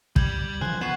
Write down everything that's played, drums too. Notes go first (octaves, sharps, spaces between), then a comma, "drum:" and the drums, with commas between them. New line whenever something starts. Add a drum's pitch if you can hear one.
G3 G6 G#6 F#7, drum: kick
C#3 E3 F3 C5 G#5 F#6 F#7
B3 F#5 C#6 C7 E7